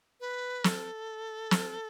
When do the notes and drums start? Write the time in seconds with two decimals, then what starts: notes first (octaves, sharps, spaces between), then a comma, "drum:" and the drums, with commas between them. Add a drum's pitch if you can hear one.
0.20 B4
0.64 A4, drum: snare
1.51 drum: snare